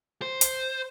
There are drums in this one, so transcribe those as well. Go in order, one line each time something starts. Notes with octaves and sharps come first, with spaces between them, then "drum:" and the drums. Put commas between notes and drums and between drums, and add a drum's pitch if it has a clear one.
C5
drum: hi-hat